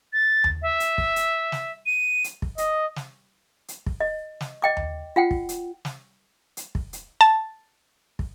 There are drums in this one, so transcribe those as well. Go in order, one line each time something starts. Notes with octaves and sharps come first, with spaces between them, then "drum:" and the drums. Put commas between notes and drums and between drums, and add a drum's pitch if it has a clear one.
A6
drum: tom D#2
E5
drum: hi-hat
drum: kick
drum: hi-hat
drum: snare
D#7
drum: hi-hat
drum: kick
D#5, drum: hi-hat
drum: snare
drum: hi-hat
drum: kick
D#5
drum: snare
D#5 G5 D6
drum: tom D#2
F4 F#5 G5
drum: kick
drum: hi-hat
drum: snare
drum: hi-hat
drum: kick
drum: hi-hat
A5
drum: kick